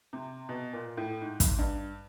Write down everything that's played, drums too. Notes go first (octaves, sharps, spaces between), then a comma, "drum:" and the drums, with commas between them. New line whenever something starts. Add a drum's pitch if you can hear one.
C3
B2
A#2
A2
G#2
drum: kick, hi-hat
G2